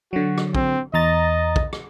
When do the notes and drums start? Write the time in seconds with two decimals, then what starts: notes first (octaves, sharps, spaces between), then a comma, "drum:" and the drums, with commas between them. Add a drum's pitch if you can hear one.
0.13 D3 F#3 F#4
0.38 drum: rim click
0.55 C4, drum: kick
0.94 E2 D#5 A#5 A6
1.56 drum: kick
1.73 drum: rim click